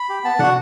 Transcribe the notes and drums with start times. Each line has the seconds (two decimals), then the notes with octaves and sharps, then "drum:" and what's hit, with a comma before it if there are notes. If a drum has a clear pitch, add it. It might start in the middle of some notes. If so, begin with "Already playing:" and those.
Already playing: B5
0.09 G4
0.24 B3 A5
0.39 D4 F#4 F#5, drum: tom